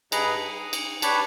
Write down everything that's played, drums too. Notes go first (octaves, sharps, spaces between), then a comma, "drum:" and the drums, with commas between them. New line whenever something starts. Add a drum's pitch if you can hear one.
G2 G#4 B4 D#5 A#5, drum: cymbal
D#6
drum: cymbal
D4 G4 B4 C#5 A5 B5, drum: cymbal